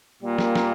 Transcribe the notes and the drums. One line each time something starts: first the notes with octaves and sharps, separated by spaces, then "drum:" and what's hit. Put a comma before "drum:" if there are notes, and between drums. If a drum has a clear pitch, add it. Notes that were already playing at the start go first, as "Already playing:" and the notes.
A#2 G3 A#3
drum: snare
drum: snare